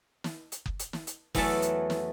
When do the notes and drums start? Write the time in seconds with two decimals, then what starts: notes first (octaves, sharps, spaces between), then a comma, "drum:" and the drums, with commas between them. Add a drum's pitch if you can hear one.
0.24 drum: snare
0.52 drum: hi-hat
0.66 drum: kick F#1
0.79 drum: hi-hat
0.93 drum: snare
1.07 drum: hi-hat
1.35 E2 E3 F#3 A3 A5, drum: kick F#1, open hi-hat
1.62 drum: hi-hat
1.90 drum: snare